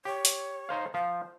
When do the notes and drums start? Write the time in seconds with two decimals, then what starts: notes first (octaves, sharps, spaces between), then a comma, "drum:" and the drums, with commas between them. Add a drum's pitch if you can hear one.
0.05 G4 C#5
0.25 drum: hi-hat
0.69 D#4 C5 F5
0.94 F3 C5 F5